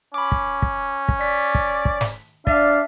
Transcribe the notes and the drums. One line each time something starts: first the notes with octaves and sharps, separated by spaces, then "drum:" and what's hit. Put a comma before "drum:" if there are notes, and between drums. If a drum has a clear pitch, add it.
C#4 B5 D6
drum: kick
drum: kick
drum: kick
D5 B6
drum: kick
drum: kick
drum: snare
D4 D5 E5 F5, drum: kick